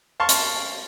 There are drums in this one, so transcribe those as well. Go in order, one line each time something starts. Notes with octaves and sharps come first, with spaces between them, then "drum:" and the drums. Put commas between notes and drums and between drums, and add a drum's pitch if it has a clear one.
F5 A5 C6 C#6
drum: hi-hat